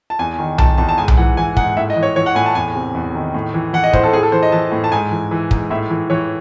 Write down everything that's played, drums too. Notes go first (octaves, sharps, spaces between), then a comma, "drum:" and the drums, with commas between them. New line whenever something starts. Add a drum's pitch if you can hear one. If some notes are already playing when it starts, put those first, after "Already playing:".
A5
E2 G#5
D#3
D#3 A5, drum: tom B1
E2 A5
A5
G#2 G#5
drum: tom B1
E3 F#5
E3 G#5
G#2 F#5, drum: kick
A2 E5
D#5
E3
C#5
E3 C#5
F#5
A2 G#5
A5
E2 G#5
C3
E2
D#3
A2
E3
E3 F#5
D#5
A2 C5, drum: kick
A4
A2 G#4
A4
E3 C5
D#5
E3 A5
A2
A5
G#2 G#5
E3
E3
G#2, drum: kick
A2 E5
E3
E3 C#5